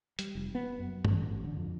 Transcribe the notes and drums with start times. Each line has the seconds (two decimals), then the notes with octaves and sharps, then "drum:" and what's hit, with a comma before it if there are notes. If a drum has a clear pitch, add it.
0.19 G3, drum: hi-hat
0.35 F1
0.55 B3
0.79 F#2
1.05 A1, drum: tom
1.44 D3
1.57 F2